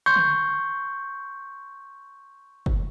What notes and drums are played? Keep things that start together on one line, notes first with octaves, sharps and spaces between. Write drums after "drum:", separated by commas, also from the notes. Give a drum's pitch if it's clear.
C6 C#6 G6
drum: tom
drum: kick F#1